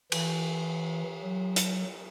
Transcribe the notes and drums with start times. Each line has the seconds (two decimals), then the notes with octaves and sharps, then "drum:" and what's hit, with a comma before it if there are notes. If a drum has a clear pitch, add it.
0.12 E3, drum: cymbal
1.23 F#3
1.56 drum: hi-hat